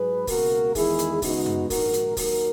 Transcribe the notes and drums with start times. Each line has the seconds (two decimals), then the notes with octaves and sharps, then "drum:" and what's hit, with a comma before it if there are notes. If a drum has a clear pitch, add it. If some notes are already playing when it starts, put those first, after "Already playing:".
Already playing: G#2 F#3 G#4 B4
0.27 C#2 B2 A#3 F#4 A#4, drum: kick, open hi-hat
0.75 E2 D#3 G#3 E4 G#4, drum: kick, open hi-hat
0.99 drum: hi-hat
1.22 C#2 C#3 G#3 B3 D#4 F#4, drum: kick, open hi-hat
1.46 drum: tom F#2
1.70 A#1 G#2 D#3 F#4 A#4, drum: kick, open hi-hat
1.93 drum: hi-hat
2.17 D#2 D#3 F#3 F#4 A#4, drum: kick, open hi-hat